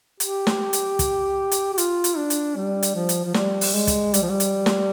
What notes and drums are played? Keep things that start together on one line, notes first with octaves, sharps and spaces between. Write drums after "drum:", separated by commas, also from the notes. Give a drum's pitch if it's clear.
G4, drum: hi-hat
drum: snare
drum: hi-hat
drum: kick, hi-hat
drum: hi-hat
G4
F4, drum: hi-hat
drum: hi-hat
D4
drum: hi-hat
G3
drum: hi-hat
F3
drum: hi-hat
F3
G3, drum: snare
drum: open hi-hat
G#3
drum: kick, hi-hat
G3, drum: hi-hat
F3
G3
drum: hi-hat
drum: snare